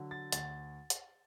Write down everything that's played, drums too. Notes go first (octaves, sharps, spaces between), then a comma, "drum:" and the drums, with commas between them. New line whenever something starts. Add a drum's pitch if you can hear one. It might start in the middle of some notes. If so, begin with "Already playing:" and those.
Already playing: D3 F#3
A6
D2 A6, drum: hi-hat
drum: hi-hat